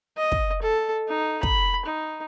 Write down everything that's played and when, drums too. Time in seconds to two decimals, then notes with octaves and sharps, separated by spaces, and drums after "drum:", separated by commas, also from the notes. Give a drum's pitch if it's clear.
0.18 D#5
0.32 drum: kick
0.62 A4
1.08 D#4
1.43 B5, drum: kick
1.86 D#4